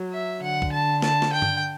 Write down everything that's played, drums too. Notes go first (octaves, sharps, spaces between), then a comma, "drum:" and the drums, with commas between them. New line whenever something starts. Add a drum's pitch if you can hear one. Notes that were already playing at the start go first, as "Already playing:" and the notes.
Already playing: F#3
E5
D3 F#5
drum: kick
A5
A5, drum: snare
drum: snare
G5
drum: tom G2